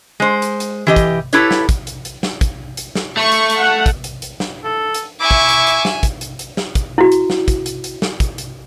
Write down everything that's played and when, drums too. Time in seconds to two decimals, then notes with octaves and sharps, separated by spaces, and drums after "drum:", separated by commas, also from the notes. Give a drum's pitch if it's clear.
0.20 G#3 C5
0.42 drum: hi-hat
0.60 drum: hi-hat
0.87 E3 G4 D#5
0.96 drum: kick, hi-hat
1.33 E4 G4 A4 B4 C#5, drum: hi-hat
1.51 drum: snare
1.69 drum: kick, hi-hat
1.87 drum: hi-hat
2.05 drum: hi-hat
2.23 drum: snare
2.41 drum: kick, hi-hat
2.77 drum: hi-hat
2.95 drum: snare
3.17 A3 C#6
3.32 drum: hi-hat
3.50 drum: hi-hat
3.60 F#5
3.86 drum: kick, hi-hat
4.04 drum: hi-hat
4.22 drum: hi-hat
4.40 drum: snare
4.64 A4
4.94 drum: hi-hat
5.21 E4 E5 G#5 C#6 D6
5.31 drum: kick
5.49 drum: hi-hat
5.67 drum: hi-hat
5.85 drum: snare
6.03 drum: kick, hi-hat
6.21 drum: hi-hat
6.39 drum: hi-hat
6.57 drum: snare
6.75 drum: kick, hi-hat
6.98 E4 F#4
7.12 drum: hi-hat
7.30 drum: snare
7.48 drum: kick, hi-hat
7.66 drum: hi-hat
7.84 drum: hi-hat
8.02 drum: snare
8.20 drum: kick, hi-hat
8.38 drum: hi-hat